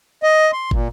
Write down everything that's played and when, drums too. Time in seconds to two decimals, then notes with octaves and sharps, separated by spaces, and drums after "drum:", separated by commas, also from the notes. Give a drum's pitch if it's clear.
0.23 D#5
0.53 C6
0.71 A#2, drum: kick